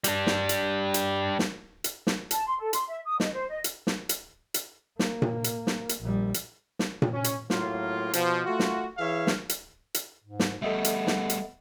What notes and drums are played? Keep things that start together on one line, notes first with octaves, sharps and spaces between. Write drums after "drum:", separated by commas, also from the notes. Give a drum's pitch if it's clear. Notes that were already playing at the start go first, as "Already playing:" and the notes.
G3 D4, drum: hi-hat
drum: snare
drum: hi-hat
drum: hi-hat
drum: snare
drum: hi-hat
drum: snare
A5, drum: hi-hat
C6
A4
C6, drum: hi-hat
E5
D#6
D#5, drum: snare
C5
D#5
drum: hi-hat
drum: snare
drum: hi-hat
drum: hi-hat
A#3, drum: snare
drum: tom A#2
drum: hi-hat
drum: snare
drum: hi-hat
A#1 G3
drum: hi-hat
drum: snare
drum: tom A#2
C#4
drum: hi-hat
A2 F#3 A#3 F4, drum: snare
B2 F3, drum: hi-hat
A3 F4 F#4
drum: snare
E3 G#4 C#5 E5 F5
drum: snare
drum: hi-hat
drum: hi-hat
G#2
drum: snare
G3 A3 B3 A4 D#5 E5
drum: hi-hat
drum: snare
drum: hi-hat